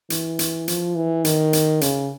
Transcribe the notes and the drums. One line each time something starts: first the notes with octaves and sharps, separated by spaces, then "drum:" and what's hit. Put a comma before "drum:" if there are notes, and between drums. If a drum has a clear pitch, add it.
E3, drum: hi-hat
drum: hi-hat
F3, drum: hi-hat
E3
D#3, drum: hi-hat
drum: hi-hat
C#3, drum: hi-hat